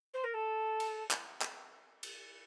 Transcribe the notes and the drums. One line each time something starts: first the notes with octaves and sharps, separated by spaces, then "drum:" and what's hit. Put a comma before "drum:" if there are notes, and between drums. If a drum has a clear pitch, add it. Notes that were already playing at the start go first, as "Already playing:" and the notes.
C5
A#4
A4
drum: cymbal
drum: clap
drum: clap
drum: cymbal